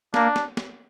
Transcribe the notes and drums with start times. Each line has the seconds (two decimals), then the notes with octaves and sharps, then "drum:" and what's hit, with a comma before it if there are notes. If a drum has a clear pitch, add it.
0.14 A#3 D4, drum: snare
0.36 drum: snare
0.57 drum: snare